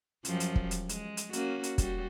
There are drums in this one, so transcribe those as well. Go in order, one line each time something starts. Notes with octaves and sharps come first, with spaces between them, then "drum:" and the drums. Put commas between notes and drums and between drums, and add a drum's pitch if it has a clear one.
F#2 F3 G3, drum: hi-hat
drum: hi-hat
drum: kick
drum: hi-hat
G#3, drum: hi-hat
drum: hi-hat
A#3 C#4 F#4, drum: hi-hat
drum: hi-hat
G3 F#4, drum: kick, hi-hat